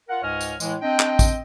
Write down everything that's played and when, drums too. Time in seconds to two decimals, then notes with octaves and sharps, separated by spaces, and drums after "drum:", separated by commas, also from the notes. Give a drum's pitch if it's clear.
0.08 F4 A#4 F#5
0.22 C#2 G#2 C#5 D#5 G#5 F6
0.41 drum: tambourine
0.60 A2 E3 G#3, drum: tambourine
0.82 C4 D4 D#5 G5
1.00 drum: clap
1.19 drum: kick, tambourine